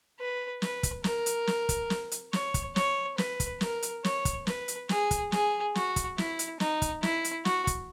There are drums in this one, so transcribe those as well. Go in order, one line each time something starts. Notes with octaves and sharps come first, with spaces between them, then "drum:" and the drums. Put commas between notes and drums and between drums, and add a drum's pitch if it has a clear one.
B4
B4, drum: snare
drum: kick, hi-hat
A#4, drum: snare
drum: hi-hat
drum: snare
drum: kick, hi-hat
drum: snare
drum: hi-hat
C#5, drum: snare
drum: kick, hi-hat
C#5, drum: snare
B4, drum: snare
drum: kick, hi-hat
A#4, drum: snare
drum: hi-hat
C#5, drum: snare
drum: kick, hi-hat
B4, drum: snare
drum: hi-hat
G#4, drum: snare
drum: kick, hi-hat
G#4, drum: snare
F#4, drum: snare
drum: kick, hi-hat
E4, drum: snare
drum: hi-hat
D#4, drum: snare
drum: kick, hi-hat
E4, drum: snare
drum: hi-hat
F#4, drum: snare
drum: kick, hi-hat